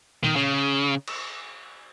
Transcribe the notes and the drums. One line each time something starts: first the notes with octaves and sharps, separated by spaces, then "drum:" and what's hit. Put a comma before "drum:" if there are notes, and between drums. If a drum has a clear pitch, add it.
D#3, drum: tom A#2
C#3
drum: cymbal